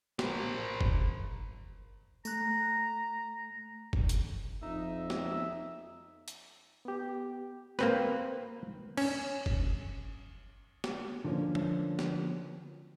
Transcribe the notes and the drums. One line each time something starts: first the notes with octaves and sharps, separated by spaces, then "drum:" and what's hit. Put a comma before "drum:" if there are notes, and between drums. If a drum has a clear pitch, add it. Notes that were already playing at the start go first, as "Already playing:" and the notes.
A#4 C5, drum: snare
drum: kick F#1
A3 A#5 F#6, drum: tambourine
drum: kick F#1
drum: hi-hat
F2 D#4 E5
drum: snare
drum: hi-hat
B3 G4
A#3 C4 B4, drum: snare
C#4, drum: cymbal
drum: kick F#1
drum: snare
D3 F3 A#3 C#4
drum: tom F3
drum: snare